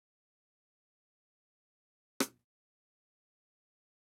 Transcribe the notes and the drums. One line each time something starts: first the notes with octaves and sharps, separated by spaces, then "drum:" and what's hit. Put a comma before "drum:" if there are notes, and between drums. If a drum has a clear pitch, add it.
G#3
B1
F3
C#3
drum: rim click
B6 C#7 G7
C#6 F#6 D#7
D6 G#6 A6 B6 E7
G6 B6
F#6 A6 C7 D#7 F7